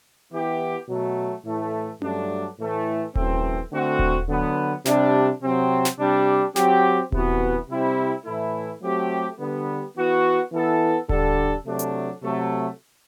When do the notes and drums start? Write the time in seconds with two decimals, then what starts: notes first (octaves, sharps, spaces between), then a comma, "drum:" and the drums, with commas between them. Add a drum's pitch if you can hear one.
0.32 E3 B3 E4 G4
0.88 B2 F#3 A3
1.45 A2 E3 A3
2.02 G2 F#3 A3 D4, drum: tom C#4
2.59 A2 E3 A3
3.15 F#2 E3 A3 C4, drum: kick D#1
3.72 D3 A3 C4 F#4
3.99 drum: kick D#1
4.29 D3 F#3 B3
4.85 C3 G3 D4, drum: snare
5.42 C3 F#3 C4
5.85 drum: snare
5.99 C3 G3 D4
6.56 F#3 C4 G4, drum: snare
7.12 C3 E3 B3 F#4, drum: kick D#1
7.69 C3 G3 C4 E4
8.26 A2 E3 A3 E4
8.82 F#3 A3 C4 G4
9.39 D3 G3 B3
9.96 E3 B3 F#4
10.53 E3 B3 E4 A4
11.09 D3 G3 D4 A4, drum: kick D#1
11.66 C3 F#3 A3 D4
11.79 drum: hi-hat
12.23 C3 F#3 A3